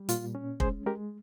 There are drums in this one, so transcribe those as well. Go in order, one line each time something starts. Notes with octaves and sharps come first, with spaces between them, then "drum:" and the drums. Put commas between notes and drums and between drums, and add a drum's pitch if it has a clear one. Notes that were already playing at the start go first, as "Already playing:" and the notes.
Already playing: G3
A#2 F4, drum: hi-hat
C#4
G#3 G#4 C5, drum: kick
G#3 G4 A#4